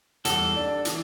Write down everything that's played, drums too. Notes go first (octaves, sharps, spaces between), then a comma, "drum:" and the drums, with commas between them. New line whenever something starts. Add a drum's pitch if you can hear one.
E2 G3 A4, drum: hi-hat
D4 D5
E3, drum: hi-hat